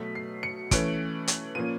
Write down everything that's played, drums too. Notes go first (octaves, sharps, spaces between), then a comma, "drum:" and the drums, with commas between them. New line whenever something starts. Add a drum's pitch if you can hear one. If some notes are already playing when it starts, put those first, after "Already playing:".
Already playing: B2 F#3 A3 B6
C7
C#7
E3 A3 C#4 D7, drum: kick, hi-hat
drum: hi-hat
A#2 F3 A#3 C#4 D#7